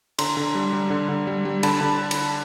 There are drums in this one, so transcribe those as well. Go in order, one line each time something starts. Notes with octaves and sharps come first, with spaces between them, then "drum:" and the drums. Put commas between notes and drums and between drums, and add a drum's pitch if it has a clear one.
D3 A#5 C6, drum: cymbal
D3
G3
G3
D3
D3
G3
G3
D3 A5 B5, drum: cymbal
D3
drum: cymbal